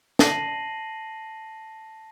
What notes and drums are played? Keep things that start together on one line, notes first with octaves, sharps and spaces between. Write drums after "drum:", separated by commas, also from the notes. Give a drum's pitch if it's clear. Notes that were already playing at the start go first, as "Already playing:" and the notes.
A5 A#6 C7 D#7 F#7, drum: snare